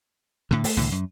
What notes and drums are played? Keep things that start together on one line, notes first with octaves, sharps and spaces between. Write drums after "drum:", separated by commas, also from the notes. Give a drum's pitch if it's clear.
A2 D3
A3, drum: open hi-hat
C2 A2 D3
F#2